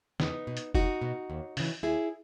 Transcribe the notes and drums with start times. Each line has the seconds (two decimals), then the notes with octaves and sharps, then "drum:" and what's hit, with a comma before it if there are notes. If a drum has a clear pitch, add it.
0.20 E2 B3 D#4, drum: snare
0.47 B2
0.57 drum: hi-hat
0.75 E2 D#4 F#4, drum: kick F1
1.01 B2
1.30 D#2
1.57 C#3 E3, drum: open hi-hat
1.83 D#2 E4 G#4